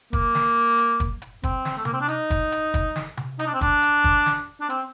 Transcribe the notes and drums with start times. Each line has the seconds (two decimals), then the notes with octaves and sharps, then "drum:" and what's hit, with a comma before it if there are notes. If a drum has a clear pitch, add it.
0.13 A#3, drum: kick, hi-hat
0.35 drum: snare
0.78 drum: hi-hat
1.00 drum: kick, hi-hat
1.22 drum: hi-hat
1.43 C4, drum: kick, hi-hat
1.65 drum: snare
1.77 A3
1.85 A#3, drum: tom C3
1.93 C4
2.01 D4
2.08 D#4, drum: hi-hat
2.30 drum: kick, hi-hat
2.52 drum: hi-hat
2.74 drum: kick, hi-hat
2.96 drum: snare
3.17 drum: tom C3
3.39 D#4, drum: hi-hat
3.46 D4
3.54 C4
3.61 D4, drum: kick, hi-hat
3.83 drum: hi-hat
4.04 drum: kick
4.26 drum: snare
4.61 D4
4.70 C4, drum: hi-hat